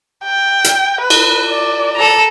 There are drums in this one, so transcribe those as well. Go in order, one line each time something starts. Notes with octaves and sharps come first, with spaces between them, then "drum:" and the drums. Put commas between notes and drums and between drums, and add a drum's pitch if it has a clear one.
G5
drum: hi-hat
B4
drum: cymbal
D5
A4 A#5